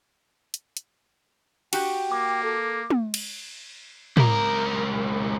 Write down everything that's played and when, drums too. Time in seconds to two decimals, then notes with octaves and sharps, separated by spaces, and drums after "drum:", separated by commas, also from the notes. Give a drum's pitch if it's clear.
0.54 drum: hi-hat
0.77 drum: hi-hat
1.73 F#4 G4 G5, drum: cymbal
2.12 A#3 D6
2.43 A4
2.90 drum: tom
3.14 drum: cymbal
4.17 C#2 A#4, drum: tom